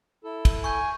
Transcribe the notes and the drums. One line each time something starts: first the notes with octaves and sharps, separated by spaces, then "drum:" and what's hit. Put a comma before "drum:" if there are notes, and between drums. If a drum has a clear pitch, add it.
E4 A4
drum: kick, cymbal
G#5 C#6 G6